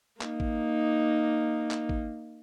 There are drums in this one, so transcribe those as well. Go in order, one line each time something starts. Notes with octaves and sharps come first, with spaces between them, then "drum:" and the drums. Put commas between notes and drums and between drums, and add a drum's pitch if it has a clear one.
A#3 D#4, drum: clap
drum: kick
drum: clap
drum: kick